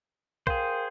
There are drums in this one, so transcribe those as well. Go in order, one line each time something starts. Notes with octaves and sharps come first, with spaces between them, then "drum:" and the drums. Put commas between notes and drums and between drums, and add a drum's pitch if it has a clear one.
G#4 A#4 C5 F5 G5, drum: kick